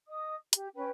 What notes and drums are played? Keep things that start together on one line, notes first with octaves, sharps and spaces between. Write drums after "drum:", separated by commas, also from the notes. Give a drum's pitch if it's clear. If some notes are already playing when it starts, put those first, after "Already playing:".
D#5 D#6
G4, drum: hi-hat
C#4 B4 G5